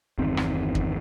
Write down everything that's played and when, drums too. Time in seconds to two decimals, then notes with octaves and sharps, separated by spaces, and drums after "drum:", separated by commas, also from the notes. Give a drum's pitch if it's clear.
0.18 G1 E2 D#3 C4
0.37 drum: rim click
0.75 drum: kick